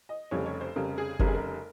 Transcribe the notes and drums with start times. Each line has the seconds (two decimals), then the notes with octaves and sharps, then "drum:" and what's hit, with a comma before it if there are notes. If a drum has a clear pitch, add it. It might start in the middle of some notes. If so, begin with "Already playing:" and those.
0.09 D#5
0.31 F1 F2 C#3 G3 C#5
0.46 C#5
0.61 C5
0.75 F1 F2 C#3 G3 A#4
0.98 G#4
1.19 F1 F2 C#3 G3 A#4, drum: kick F#1
1.27 G#4
1.34 A#4